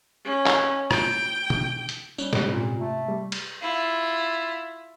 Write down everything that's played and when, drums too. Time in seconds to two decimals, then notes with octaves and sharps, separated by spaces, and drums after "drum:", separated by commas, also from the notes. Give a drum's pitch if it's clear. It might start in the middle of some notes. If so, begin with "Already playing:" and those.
0.25 C#4
0.46 drum: clap
0.91 G5, drum: rim click
1.50 drum: tom B2
1.89 drum: hi-hat
2.18 G3 C#4, drum: tambourine
2.33 G#2 C3, drum: snare
2.52 A#2
2.80 A3
3.09 G3
3.32 drum: cymbal
3.61 E4 F4